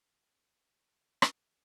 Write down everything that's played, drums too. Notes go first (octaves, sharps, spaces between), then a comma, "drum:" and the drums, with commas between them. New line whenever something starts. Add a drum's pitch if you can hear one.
D#4
drum: rim click